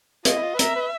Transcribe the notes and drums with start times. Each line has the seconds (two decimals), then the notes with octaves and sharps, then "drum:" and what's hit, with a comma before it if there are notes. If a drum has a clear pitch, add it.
0.25 F4 D#5, drum: hi-hat
0.37 E4
0.42 F4
0.54 B4
0.59 A#4 E5, drum: hi-hat
0.76 B4